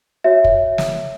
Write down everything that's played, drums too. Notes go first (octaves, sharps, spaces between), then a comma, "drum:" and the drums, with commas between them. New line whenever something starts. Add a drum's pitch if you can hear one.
F#4 C#5 E5
drum: kick
drum: snare